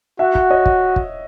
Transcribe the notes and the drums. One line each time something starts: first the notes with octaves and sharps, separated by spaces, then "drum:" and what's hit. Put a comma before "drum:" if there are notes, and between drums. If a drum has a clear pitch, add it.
F#4 E5 F#5
drum: kick
C#5 D#5
drum: kick
drum: kick